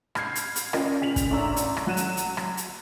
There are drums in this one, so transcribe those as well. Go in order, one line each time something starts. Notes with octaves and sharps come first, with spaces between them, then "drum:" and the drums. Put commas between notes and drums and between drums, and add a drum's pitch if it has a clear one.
B5 F6 G6 G#6 C7, drum: rim click
drum: hi-hat
drum: hi-hat
C#4 F4 A#4 D5 D#5 G5, drum: rim click
C#3 G#5 B6 F7 F#7
drum: kick, hi-hat
A1 A3 D4 A#5 E6
drum: hi-hat
drum: rim click
F#3 F#6 D#7 E7
drum: hi-hat
drum: hi-hat
drum: rim click
drum: hi-hat